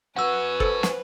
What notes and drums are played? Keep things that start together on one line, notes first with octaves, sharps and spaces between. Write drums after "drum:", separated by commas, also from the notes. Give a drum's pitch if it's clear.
C#4 F#4 B4 F#5 E6
A4 C5, drum: kick
drum: snare